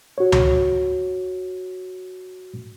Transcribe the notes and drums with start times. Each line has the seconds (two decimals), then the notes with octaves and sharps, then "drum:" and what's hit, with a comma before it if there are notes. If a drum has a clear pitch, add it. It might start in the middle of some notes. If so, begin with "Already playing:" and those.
0.18 F#4 C#5
0.32 drum: tom C#2